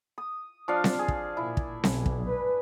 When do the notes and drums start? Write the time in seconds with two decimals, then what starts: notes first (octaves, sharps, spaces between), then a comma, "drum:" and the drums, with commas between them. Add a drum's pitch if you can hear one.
0.18 D#6
0.68 F3 D4 F5
0.84 drum: snare C4
0.99 G#4
1.08 drum: kick
1.37 A#2 E4
1.57 drum: kick
1.84 B1, drum: snare C4
2.06 drum: kick
2.30 B4